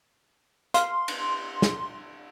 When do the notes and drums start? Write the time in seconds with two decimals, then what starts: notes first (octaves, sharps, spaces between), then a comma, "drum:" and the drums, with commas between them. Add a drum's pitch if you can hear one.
0.74 F5 C6, drum: hi-hat
1.08 drum: cymbal
1.62 drum: snare